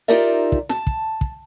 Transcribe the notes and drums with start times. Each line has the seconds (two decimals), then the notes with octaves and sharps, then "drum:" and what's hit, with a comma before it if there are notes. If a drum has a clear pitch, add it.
0.08 D#4 F4 G4 A#4 D5 E5
0.52 drum: kick
0.69 A5, drum: snare
0.87 drum: kick
1.21 drum: kick